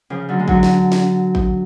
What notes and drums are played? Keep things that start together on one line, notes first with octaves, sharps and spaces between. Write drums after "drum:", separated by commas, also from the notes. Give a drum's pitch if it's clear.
C#3 F3
D3 F#3
G#3
D3 F#3, drum: kick A1
drum: snare
drum: snare
drum: kick A1